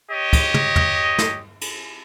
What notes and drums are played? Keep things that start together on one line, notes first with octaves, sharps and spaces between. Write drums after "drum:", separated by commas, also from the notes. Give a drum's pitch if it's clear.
G4 C#5 D#5
drum: kick, cymbal
drum: tom
drum: tom
drum: snare
drum: cymbal